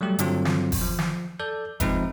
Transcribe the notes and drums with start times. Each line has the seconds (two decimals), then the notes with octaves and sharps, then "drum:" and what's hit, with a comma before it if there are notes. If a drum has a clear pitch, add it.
0.01 F#3 G3 A3 G4
0.19 G2 D3 F#3 C4 F4, drum: hi-hat
0.45 drum: snare
0.72 drum: kick F#1, open hi-hat
0.81 F3
0.99 drum: snare
1.40 A4 D5 G6
1.80 F3 G#3 C4 D#4 B4 E5, drum: kick F#1, hi-hat